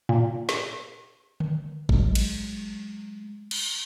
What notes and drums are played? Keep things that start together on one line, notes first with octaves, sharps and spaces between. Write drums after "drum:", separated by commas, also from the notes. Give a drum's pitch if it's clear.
A#2
drum: snare
drum: tom D3
F#3 G#3, drum: kick G#1
drum: cymbal
drum: cymbal